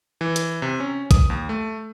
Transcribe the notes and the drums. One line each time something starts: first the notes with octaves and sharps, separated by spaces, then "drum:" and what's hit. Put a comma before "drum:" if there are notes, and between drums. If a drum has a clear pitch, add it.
E3
drum: hi-hat
C3
C#4
D#6, drum: kick, hi-hat
D#2
A3